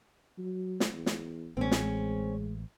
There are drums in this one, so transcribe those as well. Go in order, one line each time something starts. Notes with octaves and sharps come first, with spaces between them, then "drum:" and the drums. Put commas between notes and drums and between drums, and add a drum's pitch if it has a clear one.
F#3
drum: snare
E2
drum: snare
A1 G#3 C4 C#4
drum: snare